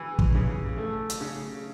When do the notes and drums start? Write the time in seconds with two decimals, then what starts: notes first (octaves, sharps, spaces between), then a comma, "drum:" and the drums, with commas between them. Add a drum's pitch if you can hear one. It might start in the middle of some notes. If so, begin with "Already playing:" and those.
Already playing: E3
0.19 drum: kick
0.35 C#3
0.78 A3
1.10 drum: hi-hat
1.21 C#3